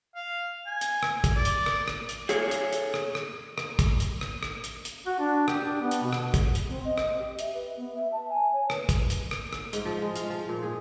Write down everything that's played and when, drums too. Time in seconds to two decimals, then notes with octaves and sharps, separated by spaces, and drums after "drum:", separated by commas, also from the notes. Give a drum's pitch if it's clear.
0.15 F5
0.67 G#5
0.81 drum: hi-hat
1.03 drum: rim click
1.24 drum: kick, hi-hat
1.36 D5
1.45 drum: hi-hat
1.66 drum: rim click
1.88 drum: rim click
2.09 drum: hi-hat
2.29 G#4 A4 C#5, drum: hi-hat
2.51 drum: hi-hat
2.73 drum: hi-hat
2.94 drum: rim click
3.15 drum: rim click
3.58 drum: rim click
3.79 drum: kick, hi-hat
4.00 drum: hi-hat
4.21 drum: rim click
4.43 drum: rim click
4.64 drum: hi-hat
4.85 drum: hi-hat
5.06 F#4
5.19 D4
5.48 G4, drum: rim click
5.64 D4
5.81 B3
5.91 drum: hi-hat
6.02 B2
6.13 drum: rim click
6.34 drum: kick, hi-hat
6.55 drum: hi-hat
6.69 C4
6.85 D#5
6.98 drum: rim click
7.19 G4
7.39 E5, drum: hi-hat
7.54 B4
7.77 B3
7.96 E5
8.12 A5
8.30 G#5
8.53 C#5
8.70 B4, drum: rim click
8.89 drum: kick, hi-hat
9.10 drum: hi-hat
9.31 drum: rim click
9.53 drum: rim click
9.73 G#2, drum: hi-hat
9.85 F3
10.02 G#3
10.16 F5, drum: hi-hat
10.30 F3
10.49 A#2
10.62 G#4